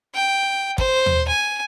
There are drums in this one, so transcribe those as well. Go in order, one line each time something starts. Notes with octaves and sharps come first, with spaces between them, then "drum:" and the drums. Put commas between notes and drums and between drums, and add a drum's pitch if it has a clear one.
G5
C5, drum: kick
drum: tom
G#5